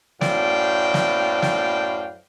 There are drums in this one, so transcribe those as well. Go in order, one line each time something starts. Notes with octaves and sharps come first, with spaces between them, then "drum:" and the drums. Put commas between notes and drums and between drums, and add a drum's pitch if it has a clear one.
F#2 A2 C5 D5 F5 G5, drum: snare
drum: snare
drum: snare